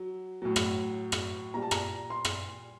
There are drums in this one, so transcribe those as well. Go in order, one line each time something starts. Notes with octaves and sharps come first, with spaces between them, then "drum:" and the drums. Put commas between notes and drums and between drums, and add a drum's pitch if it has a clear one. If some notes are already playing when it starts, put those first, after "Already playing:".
Already playing: F#3
A2 F#3
drum: rim click
drum: rim click
A#2 G3 A#5
A5
A#5, drum: rim click
C6
drum: rim click